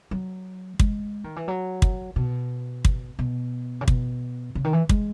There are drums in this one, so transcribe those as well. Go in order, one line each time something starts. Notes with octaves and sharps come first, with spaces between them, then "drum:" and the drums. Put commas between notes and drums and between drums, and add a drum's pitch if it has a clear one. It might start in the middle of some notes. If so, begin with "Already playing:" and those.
F#3
G#3, drum: kick
D#3
E3
F#3
drum: kick
B2
drum: kick
B2
C#3
B2, drum: kick
C#3
D#3
E3
G#3, drum: kick